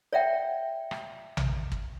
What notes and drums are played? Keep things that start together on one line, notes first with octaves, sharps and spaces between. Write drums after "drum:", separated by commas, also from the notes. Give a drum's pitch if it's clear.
C#5 D5 E5 F#5 G5
drum: rim click
drum: tom A#1
drum: kick